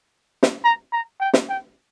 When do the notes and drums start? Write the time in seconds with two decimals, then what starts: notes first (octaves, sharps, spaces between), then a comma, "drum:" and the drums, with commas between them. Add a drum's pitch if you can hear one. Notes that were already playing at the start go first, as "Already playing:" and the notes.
0.43 drum: snare
0.65 A#5
0.93 A#5
1.21 G5
1.33 drum: snare
1.49 G5